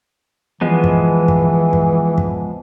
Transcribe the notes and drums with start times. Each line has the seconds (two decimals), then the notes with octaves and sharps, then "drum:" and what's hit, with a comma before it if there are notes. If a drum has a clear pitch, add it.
0.61 E3 F3 G#3 B3
0.84 drum: kick
1.28 drum: kick
1.73 drum: kick
2.18 drum: kick